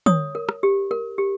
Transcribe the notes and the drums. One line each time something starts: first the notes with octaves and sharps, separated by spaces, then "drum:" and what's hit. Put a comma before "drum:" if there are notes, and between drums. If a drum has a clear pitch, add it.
C#5 D#6, drum: tom
A#4
drum: rim click
G4
A#4
G4